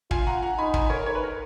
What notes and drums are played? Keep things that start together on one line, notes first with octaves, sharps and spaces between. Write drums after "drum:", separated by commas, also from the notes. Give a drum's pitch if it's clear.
F4 F5 G#5, drum: kick
F#5 A#5
F#5 A#5
D#4 G#5 B5
G#5 B5, drum: kick
A#4 C#5
C#5
B4
A#4